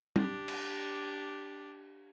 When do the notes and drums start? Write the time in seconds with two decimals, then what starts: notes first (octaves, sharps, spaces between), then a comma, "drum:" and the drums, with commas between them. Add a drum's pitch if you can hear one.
0.16 D4 G4, drum: tom
0.48 drum: cymbal